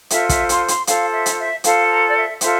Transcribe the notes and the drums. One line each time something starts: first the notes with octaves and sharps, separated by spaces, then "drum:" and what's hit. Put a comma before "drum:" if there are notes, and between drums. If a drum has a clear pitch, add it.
F4 A4 C5 E5, drum: hi-hat
E5, drum: kick, hi-hat
C6, drum: hi-hat
C6, drum: hi-hat
F4 A4 C5 F5, drum: hi-hat
E5
drum: hi-hat
E5
F4 A4 C5 F5, drum: hi-hat
A#5
D5
E5
F4 A4 C5 E5, drum: hi-hat